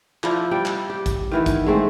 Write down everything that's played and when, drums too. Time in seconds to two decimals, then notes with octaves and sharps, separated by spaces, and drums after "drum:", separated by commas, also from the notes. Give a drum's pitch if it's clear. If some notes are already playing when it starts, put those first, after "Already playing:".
0.24 F3 D4 E4, drum: clap
0.51 G3 G5
0.65 drum: clap
0.90 G4
1.06 drum: kick, hi-hat
1.31 D#3 E3 B3
1.46 drum: kick, hi-hat
1.66 G#3 A3 C4